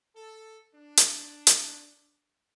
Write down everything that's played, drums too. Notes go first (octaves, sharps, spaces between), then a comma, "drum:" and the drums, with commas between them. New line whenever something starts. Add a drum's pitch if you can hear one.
A4
D4
drum: hi-hat
drum: hi-hat